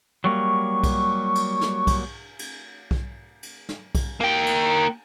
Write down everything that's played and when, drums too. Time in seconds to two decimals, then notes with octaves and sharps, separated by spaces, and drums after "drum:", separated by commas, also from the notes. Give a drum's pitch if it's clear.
0.24 F#3 G3 A#3 C#6
0.84 drum: kick B1, cymbal
1.35 drum: cymbal
1.61 drum: snare
1.87 drum: kick B1, cymbal
2.39 drum: cymbal
2.91 drum: kick B1
3.43 drum: cymbal
3.69 drum: snare
3.95 drum: kick B1, cymbal
4.21 A#3 G5
4.46 drum: cymbal